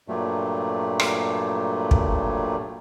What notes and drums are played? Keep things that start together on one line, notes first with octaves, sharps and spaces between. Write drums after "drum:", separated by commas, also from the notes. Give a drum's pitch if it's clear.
G2 A#2 F#3 G3 A3
drum: rim click
drum: kick